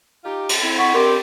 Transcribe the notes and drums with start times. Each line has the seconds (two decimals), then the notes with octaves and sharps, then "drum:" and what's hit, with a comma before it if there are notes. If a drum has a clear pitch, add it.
0.24 D#4 F4 G4
0.49 drum: cymbal
0.62 C4 E4
0.78 F#5 C#6 B6
0.94 C4 D4 G4 A#4 C6